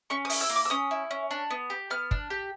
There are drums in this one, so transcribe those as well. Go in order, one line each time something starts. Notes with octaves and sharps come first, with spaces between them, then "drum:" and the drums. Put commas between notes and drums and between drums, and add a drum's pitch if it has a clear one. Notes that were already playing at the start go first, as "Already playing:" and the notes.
C#4 C#6
D#6
E4, drum: open hi-hat
E6
A#3
D6
E6
C#4 D#6
E4
C#4
D4
B3
G4
B3 F6
D4, drum: kick
G4